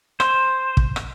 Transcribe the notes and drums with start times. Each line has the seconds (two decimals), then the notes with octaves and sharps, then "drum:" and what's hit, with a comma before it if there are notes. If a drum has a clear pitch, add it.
0.20 C5, drum: rim click
0.77 drum: kick
0.96 drum: rim click